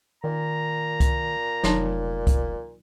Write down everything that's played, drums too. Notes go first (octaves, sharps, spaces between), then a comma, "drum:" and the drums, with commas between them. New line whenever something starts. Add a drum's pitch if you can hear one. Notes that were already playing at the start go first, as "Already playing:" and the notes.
A#2 D#3 A#5
drum: kick C2, hi-hat
F1 F#3 D#4 A5, drum: snare
drum: kick C2, hi-hat